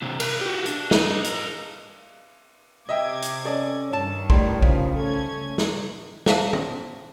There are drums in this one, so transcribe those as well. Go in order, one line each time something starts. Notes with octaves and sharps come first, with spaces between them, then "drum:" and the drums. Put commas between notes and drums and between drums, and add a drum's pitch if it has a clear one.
C3 D4
A#4 B5, drum: cymbal
F#4 G4
D4, drum: hi-hat
D4 D#5, drum: snare
G#4 A#4, drum: hi-hat
C3 D#5 E5 G5 D6 G#6
drum: hi-hat
C#4 A4 D5 D#5
G2 D#3 C#5 A5
A2 G3 C6, drum: kick B1
C#3 F3, drum: kick B1
A3 C#4 A4 G#6
drum: snare
C5 E5 F5 A5, drum: snare
drum: tom